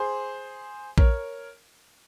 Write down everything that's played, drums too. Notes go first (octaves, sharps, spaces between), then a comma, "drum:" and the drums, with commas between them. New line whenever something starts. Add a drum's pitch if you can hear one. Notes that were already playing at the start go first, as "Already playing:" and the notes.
Already playing: G#4 C5
A#4 C#5, drum: kick A#1